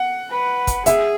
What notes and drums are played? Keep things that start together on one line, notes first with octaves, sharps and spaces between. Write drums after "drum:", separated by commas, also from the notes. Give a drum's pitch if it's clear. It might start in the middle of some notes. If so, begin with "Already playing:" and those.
Already playing: F#5
B4
drum: kick, hi-hat
G#4 E5, drum: hi-hat